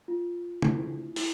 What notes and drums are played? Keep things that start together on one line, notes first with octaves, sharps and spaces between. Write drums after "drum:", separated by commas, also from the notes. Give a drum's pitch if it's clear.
F4
E4, drum: tom
E4, drum: open hi-hat